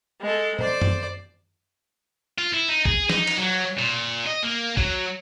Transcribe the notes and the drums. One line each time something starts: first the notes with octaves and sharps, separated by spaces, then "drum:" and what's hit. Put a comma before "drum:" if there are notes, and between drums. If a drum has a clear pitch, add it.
G#3 A4
C5 D5, drum: tom
drum: tom F#2
F4
E4
D#4
G#4, drum: kick
D#4, drum: snare F3
drum: cymbal
F#3
A#2
D#5
A#3
F#3, drum: kick